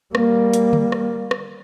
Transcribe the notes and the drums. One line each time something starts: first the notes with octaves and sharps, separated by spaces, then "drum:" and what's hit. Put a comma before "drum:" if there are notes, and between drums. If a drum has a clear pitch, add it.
G3 A#3, drum: rim click
drum: hi-hat
drum: tom D3
drum: rim click
drum: rim click